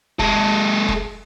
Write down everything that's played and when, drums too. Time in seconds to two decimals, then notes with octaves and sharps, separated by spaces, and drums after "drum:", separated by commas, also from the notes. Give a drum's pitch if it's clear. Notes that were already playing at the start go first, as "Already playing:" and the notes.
0.19 G#3 A4, drum: kick F1
0.88 drum: kick F1